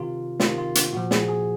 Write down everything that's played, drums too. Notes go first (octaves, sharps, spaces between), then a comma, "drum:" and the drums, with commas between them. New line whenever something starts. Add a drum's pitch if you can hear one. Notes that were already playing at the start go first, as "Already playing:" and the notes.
Already playing: C3 D#3 F4
C3 D#3 F4, drum: snare
F4
drum: hi-hat
A#2 F3 F#4
G#4, drum: snare
G#4